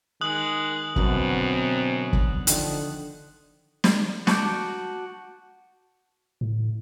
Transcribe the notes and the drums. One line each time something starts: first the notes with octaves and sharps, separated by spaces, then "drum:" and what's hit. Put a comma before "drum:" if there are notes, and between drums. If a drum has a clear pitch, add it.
D#3 G#3 D#6 F#6 F#7
F#2 B2 D3 F#3 C4, drum: kick
drum: kick
D3 D#3 F3, drum: hi-hat
drum: snare
F#4 A5 D6 G6, drum: snare
A2